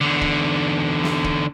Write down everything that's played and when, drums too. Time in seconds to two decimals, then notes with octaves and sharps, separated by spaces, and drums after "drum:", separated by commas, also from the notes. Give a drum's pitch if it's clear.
0.01 E2 D3
0.21 drum: kick
1.04 drum: snare
1.24 drum: kick